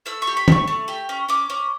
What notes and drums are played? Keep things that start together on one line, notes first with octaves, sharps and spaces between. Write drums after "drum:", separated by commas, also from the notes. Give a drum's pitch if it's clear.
A3 E6
C#6
G4
B5
A3 C#6, drum: tom
A3
G4
C#4
C#4 D6
C#4